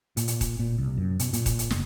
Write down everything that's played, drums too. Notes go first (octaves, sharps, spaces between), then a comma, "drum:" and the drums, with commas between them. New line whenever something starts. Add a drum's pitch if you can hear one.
A#2, drum: hi-hat
drum: hi-hat
drum: kick D#1, hi-hat
A#2
C2
F#2
B2, drum: hi-hat
A#2, drum: hi-hat
drum: kick D#1, hi-hat
drum: hi-hat
F#1, drum: snare